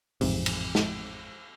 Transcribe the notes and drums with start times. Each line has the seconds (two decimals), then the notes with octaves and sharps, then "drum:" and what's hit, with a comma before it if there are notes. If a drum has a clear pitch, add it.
0.21 A1 F2 G#2 C3, drum: open hi-hat
0.46 drum: cymbal
0.75 drum: snare